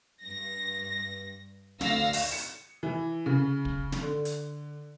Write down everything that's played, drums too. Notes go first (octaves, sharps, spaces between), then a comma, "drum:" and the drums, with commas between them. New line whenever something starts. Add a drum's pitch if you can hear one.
G2 A#6
D2 D3 F5 E6 A#6, drum: snare
drum: open hi-hat
C#7
E3
C#3
drum: kick
drum: snare
D3
drum: hi-hat